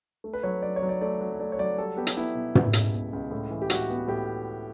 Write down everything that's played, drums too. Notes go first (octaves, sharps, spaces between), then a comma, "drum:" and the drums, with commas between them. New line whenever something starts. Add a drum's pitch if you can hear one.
A3
B4
F#3 C#5
F#3 D5
C#5
F#3
D5
A3 D5
F#3
A3 D5
C#5
F#3 D5
G3 A4
B3 G4
drum: hi-hat
B3 E4
B2
G3, drum: tom
C#2, drum: hi-hat
B2
C#2
A2
E3
G4
A2 F#4, drum: hi-hat
B3
A2 G4